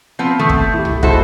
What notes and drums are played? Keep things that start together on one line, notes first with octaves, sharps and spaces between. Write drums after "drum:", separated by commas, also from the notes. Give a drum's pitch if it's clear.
F3 B3 C4
D#3 A3 D#6 G6
drum: kick
E4 G4
drum: tom C2
E2 G#3 E4 F#4 A4 C5, drum: kick